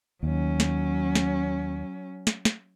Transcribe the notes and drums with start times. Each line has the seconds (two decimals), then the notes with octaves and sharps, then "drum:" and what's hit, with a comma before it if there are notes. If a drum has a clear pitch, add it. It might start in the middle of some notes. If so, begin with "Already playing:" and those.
0.23 D#2 F#3 C#4
0.60 drum: snare
1.15 drum: snare
2.27 drum: snare
2.45 drum: snare